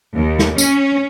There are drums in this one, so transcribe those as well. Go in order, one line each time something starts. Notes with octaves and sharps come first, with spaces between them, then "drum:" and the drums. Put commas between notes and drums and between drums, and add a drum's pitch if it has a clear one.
D#2
drum: snare
C#4, drum: tambourine